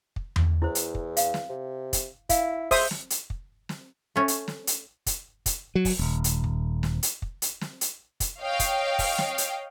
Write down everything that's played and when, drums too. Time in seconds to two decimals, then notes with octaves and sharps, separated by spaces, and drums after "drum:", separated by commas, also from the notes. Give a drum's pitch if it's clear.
0.16 drum: kick
0.36 drum: tom E2
0.62 E2 E4 C5
0.75 drum: hi-hat
0.95 drum: kick
1.17 F5, drum: hi-hat
1.34 drum: snare
1.49 C3
1.93 drum: kick, hi-hat
2.29 E4 F5, drum: kick, hi-hat
2.71 G#3 C5 E5 D#6, drum: kick, open hi-hat
2.91 drum: snare
3.10 drum: hi-hat
3.30 drum: kick
3.69 drum: snare
4.16 A3 C#4
4.28 drum: hi-hat
4.48 drum: snare
4.67 drum: hi-hat
5.06 drum: kick, hi-hat
5.46 drum: kick, hi-hat
5.75 F#3
5.85 drum: kick, open hi-hat
5.99 D#1
6.24 drum: hi-hat
6.44 drum: kick
6.83 drum: snare
7.03 drum: hi-hat
7.22 drum: kick
7.42 drum: hi-hat
7.61 drum: snare
7.81 drum: hi-hat
8.20 drum: kick, hi-hat
8.40 C#5 D#5 F5 G5
8.59 drum: kick, hi-hat
8.99 drum: kick, open hi-hat
9.18 drum: snare
9.38 drum: hi-hat